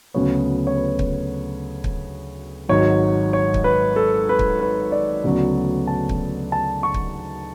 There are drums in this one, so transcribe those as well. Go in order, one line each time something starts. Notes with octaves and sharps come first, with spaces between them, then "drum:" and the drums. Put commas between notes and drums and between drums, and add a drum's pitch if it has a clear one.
D2 C#3 F#3 B3 C#5
C#5
B4
drum: kick
drum: kick
G#1 G#2 F#3 C#5
C#5
drum: kick
B4
A4
B4
drum: kick
B4
D5
D2 C#3 F#3 B3
A5
drum: kick
A5
C#6
drum: kick